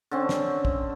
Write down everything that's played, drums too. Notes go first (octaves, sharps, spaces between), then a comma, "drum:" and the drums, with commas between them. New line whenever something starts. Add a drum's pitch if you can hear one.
D3 C4 C#4
drum: snare
drum: kick